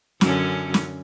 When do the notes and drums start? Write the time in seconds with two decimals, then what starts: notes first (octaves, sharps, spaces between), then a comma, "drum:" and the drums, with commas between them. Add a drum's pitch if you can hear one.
0.21 F#2 D3 C#4, drum: snare
0.74 drum: snare